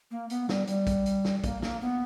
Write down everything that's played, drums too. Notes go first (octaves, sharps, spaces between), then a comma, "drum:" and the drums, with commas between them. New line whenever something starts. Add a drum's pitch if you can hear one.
A#3
B3, drum: hi-hat
G3, drum: snare
G3, drum: hi-hat
drum: kick, hi-hat
drum: hi-hat
drum: snare
A#3, drum: kick, hi-hat
A#3, drum: snare
B3